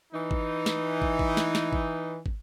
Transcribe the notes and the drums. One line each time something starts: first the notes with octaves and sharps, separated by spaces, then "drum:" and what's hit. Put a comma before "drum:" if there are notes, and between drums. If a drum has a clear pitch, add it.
E3 D#4
drum: kick
drum: snare
drum: kick
drum: kick
drum: snare
drum: snare
drum: kick
drum: kick